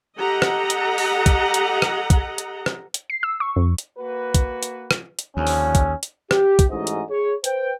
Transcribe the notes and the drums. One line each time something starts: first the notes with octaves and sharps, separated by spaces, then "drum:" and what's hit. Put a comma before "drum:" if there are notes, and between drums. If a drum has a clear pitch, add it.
G4 A4 D#5 F#5 A#5
drum: rim click
drum: hi-hat
drum: open hi-hat
drum: kick, hi-hat
drum: hi-hat
drum: rim click
drum: kick, hi-hat
drum: hi-hat
drum: rim click
drum: hi-hat
C7
E6
C#6
F2
drum: hi-hat
A#3 F#4 B4
drum: kick, hi-hat
drum: hi-hat
drum: rim click
drum: hi-hat
D#2 D3 F3 C#4
drum: open hi-hat
drum: kick, hi-hat
drum: hi-hat
G4, drum: rim click
drum: kick, hi-hat
A1 G#2 D#5
drum: hi-hat
G#4 C#5
B4 C5 G5, drum: hi-hat